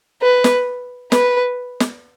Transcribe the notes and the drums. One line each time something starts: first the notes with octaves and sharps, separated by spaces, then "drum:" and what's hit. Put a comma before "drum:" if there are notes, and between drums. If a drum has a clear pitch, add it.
B4
drum: snare
B4, drum: snare
drum: snare